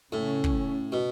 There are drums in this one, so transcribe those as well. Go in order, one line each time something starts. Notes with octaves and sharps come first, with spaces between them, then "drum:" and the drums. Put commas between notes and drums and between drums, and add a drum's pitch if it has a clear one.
A2 C#3 A3 C#4
drum: kick
B2